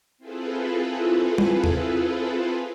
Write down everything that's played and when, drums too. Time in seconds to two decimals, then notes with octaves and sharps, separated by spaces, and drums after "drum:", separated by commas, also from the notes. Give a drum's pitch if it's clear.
0.18 C4 E4 F4 G#4 A4 B4
1.38 drum: tom
1.64 drum: tom E2